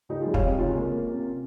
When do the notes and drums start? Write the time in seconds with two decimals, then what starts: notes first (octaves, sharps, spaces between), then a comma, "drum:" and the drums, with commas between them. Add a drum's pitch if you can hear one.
0.09 C#2 D#4 G4
0.21 F4 G#4
0.26 G3
0.34 C#5 F5, drum: kick
0.42 C3 D#4 G4
0.58 C#2 C#4 F4
0.75 A#3
0.91 A#3
1.08 C3